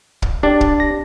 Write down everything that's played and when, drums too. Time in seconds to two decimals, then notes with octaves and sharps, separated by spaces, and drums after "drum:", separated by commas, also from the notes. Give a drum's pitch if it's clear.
0.22 drum: kick
0.43 D4 G4 D5
0.61 drum: kick
0.80 A#6